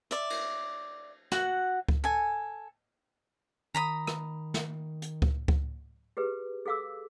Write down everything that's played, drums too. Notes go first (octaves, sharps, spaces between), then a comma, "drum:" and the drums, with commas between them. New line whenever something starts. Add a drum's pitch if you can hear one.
D5 E5, drum: hi-hat
drum: cymbal
F#4 F#5, drum: snare
drum: kick C#2
A4 G#5
D#3 A#5 B5 D#6
drum: rim click
drum: snare
drum: hi-hat
drum: kick C#2
drum: kick C#2
G4 G#4 B4
G#4 A4 F5 D6 E6